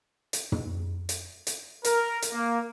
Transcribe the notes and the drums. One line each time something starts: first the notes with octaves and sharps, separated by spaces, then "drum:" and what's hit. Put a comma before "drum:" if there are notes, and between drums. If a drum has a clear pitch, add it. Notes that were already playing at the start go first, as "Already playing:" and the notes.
drum: hi-hat
drum: tom
drum: hi-hat
drum: hi-hat
A#4, drum: hi-hat
drum: hi-hat
A#3